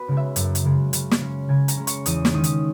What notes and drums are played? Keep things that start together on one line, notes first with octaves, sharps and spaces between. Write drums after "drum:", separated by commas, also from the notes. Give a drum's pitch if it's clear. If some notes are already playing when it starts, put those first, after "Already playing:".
Already playing: B3 F#4 B4
C#3 G#3
E5
F#2, drum: hi-hat
drum: hi-hat
C#3 G#3
C#3, drum: hi-hat
drum: snare
G#3 C#4
C#3 G#5
A#5, drum: hi-hat
G#3 C#4
C#6, drum: hi-hat
E2 D#6, drum: hi-hat
drum: snare
D#3 G#3 C#4 D#6
drum: hi-hat